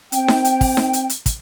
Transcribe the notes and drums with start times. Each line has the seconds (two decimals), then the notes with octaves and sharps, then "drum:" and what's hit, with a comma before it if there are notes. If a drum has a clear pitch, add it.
0.12 C4 G5, drum: hi-hat
0.28 drum: snare D#4
0.45 drum: hi-hat
0.61 drum: kick, open hi-hat
0.77 drum: snare D#4
0.93 drum: hi-hat
1.10 drum: hi-hat
1.26 drum: kick, hi-hat